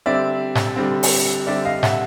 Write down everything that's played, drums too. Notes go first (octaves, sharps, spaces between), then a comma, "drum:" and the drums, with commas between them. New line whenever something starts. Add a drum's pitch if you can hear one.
D3 G3 C4 D5 E5
drum: snare G#2
D3 G3 C4
drum: open hi-hat
D3 G3 C4 D5 E5
D#5 F5
E5 F#5, drum: snare G#2